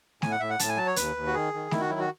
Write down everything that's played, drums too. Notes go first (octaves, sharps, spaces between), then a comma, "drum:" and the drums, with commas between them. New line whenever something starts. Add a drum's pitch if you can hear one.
A2 G#5, drum: snare A3
F#5
A2 E5
F#5
A2 A5, drum: hi-hat
G#5
F#3 A5
C#5
D#2 B4, drum: hi-hat
D#2
F#4
D#3 G#4
D#3
D#3 E4, drum: snare A3
F#4
F#3 E4
F#4